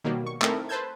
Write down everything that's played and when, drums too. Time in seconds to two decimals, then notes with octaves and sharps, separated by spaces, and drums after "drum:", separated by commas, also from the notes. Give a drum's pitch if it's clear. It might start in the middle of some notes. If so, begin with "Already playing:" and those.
0.04 B2 D#3 F#3 G3 A#3
0.26 C#6
0.42 A3 C4 D#4 E4 A4 A#4, drum: clap
0.69 B4 C5 A5 E6 G6 G#6